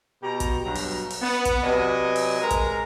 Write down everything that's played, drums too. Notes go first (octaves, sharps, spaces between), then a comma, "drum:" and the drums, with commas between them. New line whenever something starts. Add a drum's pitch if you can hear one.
B2 G4 A#5
drum: kick, hi-hat
G2 B2 F#3 A#5
drum: open hi-hat
drum: open hi-hat
B3
drum: kick, hi-hat
C3 F#3 B4 D5 D#5 G#5
drum: open hi-hat
G#3 A#4 G#5 A#5
drum: kick, hi-hat